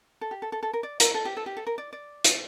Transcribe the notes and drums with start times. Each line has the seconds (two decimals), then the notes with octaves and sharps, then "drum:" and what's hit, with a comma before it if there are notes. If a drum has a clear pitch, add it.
0.21 A4
0.31 G4
0.42 A4
0.52 A4
0.63 A4
0.73 A#4
0.83 D5
1.00 A#4, drum: hi-hat
1.14 A4
1.25 G4
1.37 A4
1.46 G4
1.57 A4
1.67 A#4
1.78 D5
1.93 D5
2.24 drum: hi-hat